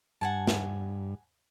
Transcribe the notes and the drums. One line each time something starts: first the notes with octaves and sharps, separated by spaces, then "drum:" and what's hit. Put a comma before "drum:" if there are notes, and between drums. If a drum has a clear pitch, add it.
G2 F#5 G#5 A5
drum: snare